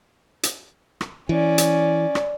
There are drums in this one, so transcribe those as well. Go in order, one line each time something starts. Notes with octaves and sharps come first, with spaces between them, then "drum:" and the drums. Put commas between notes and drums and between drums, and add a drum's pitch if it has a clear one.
drum: hi-hat
drum: rim click
E3 C#4 D5
drum: hi-hat
drum: rim click